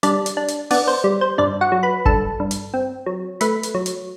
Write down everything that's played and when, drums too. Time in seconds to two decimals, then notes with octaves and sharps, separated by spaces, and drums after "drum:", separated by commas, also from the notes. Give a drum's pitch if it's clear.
0.03 G3 D4 D5, drum: hi-hat
0.26 drum: hi-hat
0.37 D4
0.48 drum: hi-hat
0.71 B3 D4 D5, drum: open hi-hat
0.88 C5
1.04 G3
1.21 C5
1.38 G2 D4 D5
1.61 F#4 F#5
1.72 F#3
1.83 B4 B5
2.05 G2 A4 A5, drum: kick G1
2.40 G2
2.51 drum: hi-hat
2.74 C4
3.06 F#3
3.41 A3 B4 B5, drum: hi-hat
3.63 drum: hi-hat
3.75 F#3
3.86 drum: hi-hat